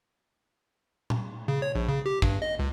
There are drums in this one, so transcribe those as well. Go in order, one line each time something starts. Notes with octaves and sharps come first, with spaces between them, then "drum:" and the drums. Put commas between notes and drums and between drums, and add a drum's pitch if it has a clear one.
drum: tom A#2
C#3
C#5
A#1
C#3
G4
G2, drum: kick
D#5
C#2